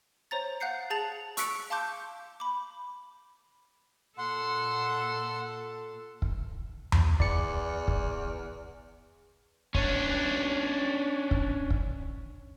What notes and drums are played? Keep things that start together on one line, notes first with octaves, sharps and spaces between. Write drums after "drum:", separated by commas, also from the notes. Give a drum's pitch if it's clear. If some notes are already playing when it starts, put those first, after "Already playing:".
C5 C#5 A#5 A6
F5 F#5 F#6 G6 C7 C#7
G#4 A5 A6 F7
C#6 E6 F#6 B6 C#7 D7, drum: hi-hat
F5 A5 C6 D6 G6
B5 D6
A#2 A4 F#5 C6
drum: kick
drum: tom E2
E2 D5 C#7, drum: kick
drum: kick
C#4 D4, drum: kick
drum: kick
drum: kick